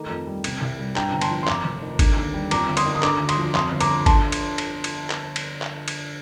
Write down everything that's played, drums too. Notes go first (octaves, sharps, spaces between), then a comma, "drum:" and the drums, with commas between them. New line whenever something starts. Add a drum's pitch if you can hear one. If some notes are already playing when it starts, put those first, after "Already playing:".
Already playing: D#3 A3 A#5 D6
F2
G3
C3, drum: cymbal
C2
G3
G2 G5 A#5, drum: clap
G1 A#5
A5 C6, drum: cymbal
F3
C6
F2 A#5 D6, drum: clap
F1
D#3
D3, drum: kick, cymbal
D#2
G3
F2 A#5 D6, drum: cymbal
G1
C6 D#6, drum: cymbal
D#3
D#6
D3 A#5 D6, drum: clap
D2
C6 D#6, drum: cymbal
F3
F2 C6 D#6, drum: clap
G1
A#5 D6, drum: cymbal
D3
D3 A5 C6, drum: kick, cymbal
drum: cymbal
drum: cymbal
drum: cymbal
drum: clap
drum: cymbal
drum: clap
drum: cymbal